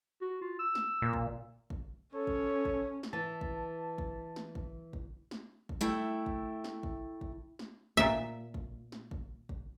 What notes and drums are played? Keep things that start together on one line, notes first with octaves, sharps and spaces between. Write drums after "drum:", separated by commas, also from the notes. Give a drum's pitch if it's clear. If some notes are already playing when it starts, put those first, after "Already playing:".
F#4
F4
E6
drum: snare
A#2
drum: kick
drum: kick
C#4 A4 C#5
drum: kick
drum: kick
drum: snare
E3 A5
drum: kick
drum: kick
drum: snare
drum: kick
drum: kick
drum: snare
drum: kick
A3 E4 G5
drum: kick
drum: snare
drum: kick
drum: kick
drum: snare
A#2 E5, drum: kick
drum: kick
drum: snare
drum: kick
drum: kick